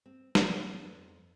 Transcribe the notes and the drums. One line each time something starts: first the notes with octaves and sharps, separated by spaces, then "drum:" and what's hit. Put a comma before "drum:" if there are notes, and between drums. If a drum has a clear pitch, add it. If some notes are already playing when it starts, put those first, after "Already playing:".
C4
B3, drum: snare
B3
F2